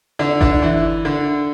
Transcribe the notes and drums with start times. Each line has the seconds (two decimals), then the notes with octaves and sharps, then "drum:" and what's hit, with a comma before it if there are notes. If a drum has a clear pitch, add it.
0.19 D3 D4
0.41 D3 D4, drum: kick G1
0.62 E3 E4
1.05 D3 D4